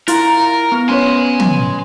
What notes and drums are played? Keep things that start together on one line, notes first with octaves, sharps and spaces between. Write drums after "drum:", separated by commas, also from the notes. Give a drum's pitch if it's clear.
E4 F4 A#4, drum: hi-hat
B3
C#4 B4 C#5 G#5 C6
drum: tom